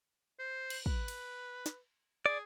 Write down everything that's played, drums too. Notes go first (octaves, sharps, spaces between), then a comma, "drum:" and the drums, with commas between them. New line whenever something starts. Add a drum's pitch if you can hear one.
C5
drum: cymbal
B4, drum: kick
drum: cymbal
drum: snare
G#4 D5